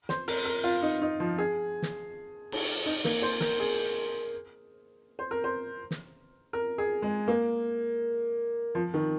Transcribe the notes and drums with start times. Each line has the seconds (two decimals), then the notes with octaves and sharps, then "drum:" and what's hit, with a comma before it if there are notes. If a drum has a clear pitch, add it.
0.09 C5, drum: snare
0.28 A#4, drum: open hi-hat
0.45 A#4
0.64 F4
0.82 D#4
1.02 D#4
1.20 F3
1.38 G#4
1.82 drum: snare
2.52 drum: cymbal
2.86 D#4
3.04 A#3, drum: snare
3.22 C5
3.40 A#4, drum: snare
3.60 G#4
3.85 drum: hi-hat
5.19 C5
5.31 A#4
5.44 C5
5.91 drum: snare
6.53 A#4
6.78 G#4
7.02 G#3
7.28 A#3
8.75 F3
8.94 D#3